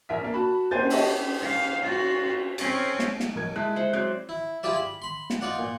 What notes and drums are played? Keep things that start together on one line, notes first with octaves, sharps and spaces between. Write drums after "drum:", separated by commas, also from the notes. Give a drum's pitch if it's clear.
A#1 A#4 E5 B6
A#3 D4
F#4 A5 B5
A#3 C5 G#5 G6 A6, drum: cymbal
E4 G4 A4 C#5 D#5 E5, drum: open hi-hat
F5
F4 F#4
C4 C#4, drum: cymbal
drum: snare
drum: snare
B1 A#4 G#6
G#3 E4 E5 A5 F#6
C5 E5 F#5
F#3 C4 D5 F#6 C7
E4
E4 F4 G4 G#4 D5 E5
B5
B5 C6
drum: snare
D#4 F4 D5 F#5
A#2